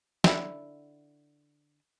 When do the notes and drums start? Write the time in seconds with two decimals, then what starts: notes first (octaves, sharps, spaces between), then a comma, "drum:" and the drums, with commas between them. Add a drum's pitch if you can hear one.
0.24 D3 E4, drum: snare